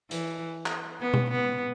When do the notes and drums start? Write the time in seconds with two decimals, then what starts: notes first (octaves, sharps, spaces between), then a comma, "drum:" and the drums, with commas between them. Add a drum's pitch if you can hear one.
0.11 E3, drum: hi-hat
0.66 drum: clap
1.01 B3
1.14 drum: tom B2
1.30 B3